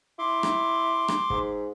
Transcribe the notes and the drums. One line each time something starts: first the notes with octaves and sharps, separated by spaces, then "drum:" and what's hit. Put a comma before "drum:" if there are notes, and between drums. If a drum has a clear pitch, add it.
E4 C6 D6
drum: rim click
drum: rim click
G#2, drum: kick